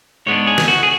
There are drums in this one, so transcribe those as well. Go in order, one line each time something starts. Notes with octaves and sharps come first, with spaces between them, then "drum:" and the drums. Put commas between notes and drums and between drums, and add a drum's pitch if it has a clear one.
G#2 G#3 B3 D4 C#5
G#4
drum: snare
F#4
G#4